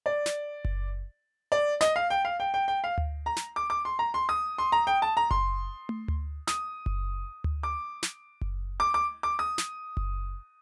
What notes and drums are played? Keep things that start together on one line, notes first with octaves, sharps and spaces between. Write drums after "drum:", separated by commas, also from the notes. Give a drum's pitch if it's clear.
D5
drum: snare
drum: kick F#1
D5
D#5, drum: snare
F5
G5
F5
G5
G5
G5
F5
drum: tom D2
A#5
drum: snare
D6
D6
C6
A#5
C6
D#6
C6
A#5
G5
A5
A#5
C6, drum: kick F#1
drum: tom
drum: tom D2
D#6, drum: snare
drum: kick F#1
drum: tom D2
D6
drum: snare
drum: kick F#1
D6
D6
D6
D#6
drum: snare
drum: kick F#1